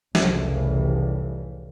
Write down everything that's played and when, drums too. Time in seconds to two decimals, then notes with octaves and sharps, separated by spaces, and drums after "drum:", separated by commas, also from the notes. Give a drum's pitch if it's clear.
0.15 F1 C2 A2 C#3 E3 G3, drum: snare